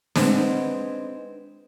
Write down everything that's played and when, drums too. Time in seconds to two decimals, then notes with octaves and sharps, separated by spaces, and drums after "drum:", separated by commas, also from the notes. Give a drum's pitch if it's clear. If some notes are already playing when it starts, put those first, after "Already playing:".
0.16 G#3 B3 C4 D4 D#4, drum: snare